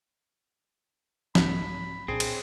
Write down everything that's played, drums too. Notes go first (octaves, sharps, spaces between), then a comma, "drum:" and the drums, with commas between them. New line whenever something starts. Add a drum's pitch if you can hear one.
C2 G#2 G3 B5, drum: snare
C2 A#2 C4 D4 G#4
drum: cymbal